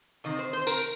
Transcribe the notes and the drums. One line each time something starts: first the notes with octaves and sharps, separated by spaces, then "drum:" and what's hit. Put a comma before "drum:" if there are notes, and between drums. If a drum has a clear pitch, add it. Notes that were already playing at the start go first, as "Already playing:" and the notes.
C3 D#3 C4 D#5
C5
C5
A#4, drum: tambourine